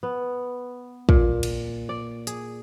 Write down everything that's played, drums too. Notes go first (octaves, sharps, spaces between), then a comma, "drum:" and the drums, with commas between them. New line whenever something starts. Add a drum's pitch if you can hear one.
B3
A#2, drum: kick
drum: cymbal
D5
G#4, drum: hi-hat